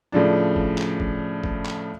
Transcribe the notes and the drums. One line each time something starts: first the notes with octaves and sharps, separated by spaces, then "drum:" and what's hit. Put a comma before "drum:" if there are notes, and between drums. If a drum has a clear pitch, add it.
A2 C#3 F3 D4
drum: kick
drum: clap
drum: kick
drum: kick
drum: clap